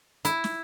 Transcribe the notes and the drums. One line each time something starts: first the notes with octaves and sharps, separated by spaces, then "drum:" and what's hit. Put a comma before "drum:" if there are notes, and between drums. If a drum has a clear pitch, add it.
E4, drum: hi-hat
drum: snare